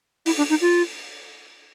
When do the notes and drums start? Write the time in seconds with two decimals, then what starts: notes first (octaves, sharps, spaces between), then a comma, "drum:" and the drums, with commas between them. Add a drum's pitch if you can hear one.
0.26 E4, drum: open hi-hat
0.38 D4
0.50 D#4
0.61 F4